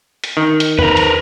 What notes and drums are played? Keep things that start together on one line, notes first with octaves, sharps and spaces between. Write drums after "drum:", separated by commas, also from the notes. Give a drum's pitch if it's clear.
drum: hi-hat
D#3
drum: hi-hat
A#4 B4, drum: tom E2
drum: hi-hat